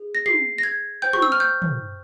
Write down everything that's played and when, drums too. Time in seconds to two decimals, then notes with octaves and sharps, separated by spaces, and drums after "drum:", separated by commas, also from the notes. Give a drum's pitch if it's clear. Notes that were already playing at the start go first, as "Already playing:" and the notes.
Already playing: G#4
0.15 A#6
0.26 C7, drum: tom
0.58 A#6
0.63 G#6
1.02 C5 G5 G6
1.13 C#6, drum: tom
1.22 E6
1.32 F6
1.40 G6
1.62 drum: tom